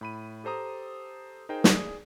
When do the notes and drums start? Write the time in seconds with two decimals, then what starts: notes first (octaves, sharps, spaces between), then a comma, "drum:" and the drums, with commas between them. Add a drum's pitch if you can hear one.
0.01 A2 B5 D#7
0.44 G4 A4 C5 A#5 D#6
1.49 D#4 G#4 A#4 C5 G5
1.64 G#4 D5, drum: snare